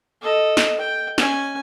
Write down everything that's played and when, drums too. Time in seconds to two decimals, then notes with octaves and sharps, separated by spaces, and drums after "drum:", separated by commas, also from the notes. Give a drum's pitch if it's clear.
0.22 A4 D#5
0.57 drum: snare
0.79 G5
1.18 C#4 G#5, drum: snare